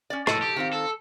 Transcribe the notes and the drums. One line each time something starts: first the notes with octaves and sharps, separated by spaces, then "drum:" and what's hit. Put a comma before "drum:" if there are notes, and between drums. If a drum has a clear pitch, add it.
C#4 D5
A2 A4 D#5 A5, drum: rim click
G4
D#3 C4 F4
A4